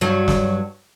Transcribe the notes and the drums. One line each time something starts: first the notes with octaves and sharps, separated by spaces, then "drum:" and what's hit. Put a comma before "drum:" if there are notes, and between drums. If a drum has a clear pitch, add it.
G2 F#3
drum: snare